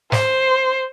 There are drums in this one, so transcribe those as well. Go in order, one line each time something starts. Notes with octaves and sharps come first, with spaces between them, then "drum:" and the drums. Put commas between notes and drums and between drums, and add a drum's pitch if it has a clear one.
C5, drum: snare